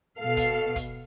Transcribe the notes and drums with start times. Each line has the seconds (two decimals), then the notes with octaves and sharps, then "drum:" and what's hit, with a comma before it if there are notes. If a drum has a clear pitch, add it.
0.18 B2 A4 F5
0.37 drum: kick, hi-hat
0.76 drum: kick, hi-hat